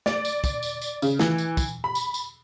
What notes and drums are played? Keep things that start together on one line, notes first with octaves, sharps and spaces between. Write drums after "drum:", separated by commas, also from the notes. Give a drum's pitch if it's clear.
D5, drum: snare
drum: tambourine
drum: kick, tambourine
drum: tambourine
drum: tambourine
C#3, drum: tambourine
E3, drum: snare
drum: tambourine
drum: kick, tambourine
B5
drum: tambourine
drum: tambourine